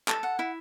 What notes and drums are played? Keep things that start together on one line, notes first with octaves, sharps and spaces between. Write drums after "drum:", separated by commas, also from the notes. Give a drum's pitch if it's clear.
A4, drum: clap
F#5
E4